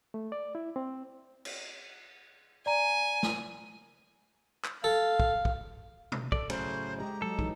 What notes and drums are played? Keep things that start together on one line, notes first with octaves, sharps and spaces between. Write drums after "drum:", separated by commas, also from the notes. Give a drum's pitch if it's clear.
A3
D5
E4
C4
drum: cymbal
D5 G#5 A#5
drum: snare
drum: clap
A4 F5
drum: kick
drum: kick
drum: tom B2
A4 D5, drum: kick
A2 C#3 F#3 C5, drum: cymbal
G#3 G4 D#5 A#5
F#3 G#3 A4
E3 D#4, drum: kick